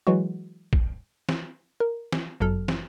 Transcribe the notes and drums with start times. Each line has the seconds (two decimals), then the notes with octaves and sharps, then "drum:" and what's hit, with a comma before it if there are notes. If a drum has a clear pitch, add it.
0.07 E3 F#3 G#3 F#4
0.73 drum: kick A#1
1.29 drum: snare
1.80 A#4
2.12 drum: snare
2.40 G1 F#2 F#3 A4 F6
2.68 drum: snare